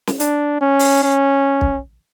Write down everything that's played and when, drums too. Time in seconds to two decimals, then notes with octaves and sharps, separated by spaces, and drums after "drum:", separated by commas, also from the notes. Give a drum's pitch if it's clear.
0.07 drum: snare
0.20 D4, drum: hi-hat
0.61 C#4
0.79 drum: open hi-hat
1.04 C#4
1.61 drum: kick B1